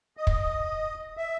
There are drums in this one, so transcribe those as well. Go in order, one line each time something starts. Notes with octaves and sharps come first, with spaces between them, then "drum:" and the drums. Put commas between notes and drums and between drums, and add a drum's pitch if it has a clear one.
D#5
drum: kick
E5